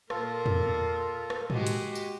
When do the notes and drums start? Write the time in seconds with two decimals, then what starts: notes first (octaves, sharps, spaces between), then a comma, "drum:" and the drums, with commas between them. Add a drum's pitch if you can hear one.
0.10 A#2 F4 A4 A#4, drum: rim click
0.46 drum: tom
1.30 drum: rim click
1.50 G#3 F#4 G4, drum: tom G#2
1.67 drum: hi-hat
1.95 drum: tambourine